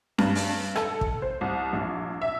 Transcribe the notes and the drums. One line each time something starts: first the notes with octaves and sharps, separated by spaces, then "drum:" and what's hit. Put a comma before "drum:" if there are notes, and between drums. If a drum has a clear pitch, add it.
G2, drum: snare C#4
drum: open hi-hat
A4, drum: rim click
drum: kick
C5
C2
A#1
E5